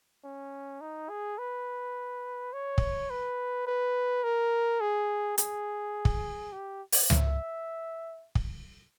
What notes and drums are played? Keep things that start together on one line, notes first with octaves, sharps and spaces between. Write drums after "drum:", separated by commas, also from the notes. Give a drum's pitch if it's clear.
C#4
D#4
G#4
B4
C#5
drum: kick
B4
B4
A#4
G#4
G#4, drum: hi-hat
drum: kick
G4
drum: open hi-hat
E5, drum: tom C#2
drum: kick